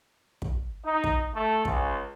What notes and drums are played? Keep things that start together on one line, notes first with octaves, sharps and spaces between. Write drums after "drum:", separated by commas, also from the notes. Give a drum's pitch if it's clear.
drum: kick
D#4
drum: kick
A3
C#2, drum: kick